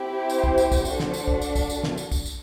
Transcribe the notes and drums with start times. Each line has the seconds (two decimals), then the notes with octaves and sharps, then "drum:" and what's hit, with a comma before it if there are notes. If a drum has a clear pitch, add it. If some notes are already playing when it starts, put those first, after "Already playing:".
Already playing: C4 E4 G4
0.30 C5, drum: tambourine
0.44 drum: kick
0.58 drum: tambourine
0.72 drum: kick, tambourine
0.85 D4 F#4 A4 C5, drum: tambourine
1.00 drum: snare
1.14 drum: tambourine
1.28 drum: kick
1.42 drum: tambourine
1.56 drum: kick, tambourine
1.70 drum: tambourine
1.84 drum: snare
1.97 drum: tambourine
2.11 drum: kick, tambourine
2.25 drum: tambourine